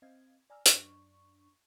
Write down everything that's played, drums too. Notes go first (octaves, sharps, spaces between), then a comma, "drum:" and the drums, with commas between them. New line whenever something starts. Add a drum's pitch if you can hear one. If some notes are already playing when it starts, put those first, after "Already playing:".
C4 D#5 F5 G#6
D5 G#5 A#5 E6 F6
F#2 D4 C#6, drum: hi-hat